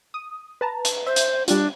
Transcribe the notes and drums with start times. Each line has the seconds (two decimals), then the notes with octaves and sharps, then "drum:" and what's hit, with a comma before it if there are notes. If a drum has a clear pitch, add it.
0.14 D#6
0.61 B4 A5 A#5
0.85 drum: hi-hat
1.06 C5 E5
1.16 drum: hi-hat
1.48 G3 D4 F4, drum: hi-hat